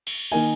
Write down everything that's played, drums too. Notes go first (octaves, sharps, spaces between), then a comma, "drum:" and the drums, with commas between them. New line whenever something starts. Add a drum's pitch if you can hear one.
drum: cymbal
D#3 A#3 D#4 G#5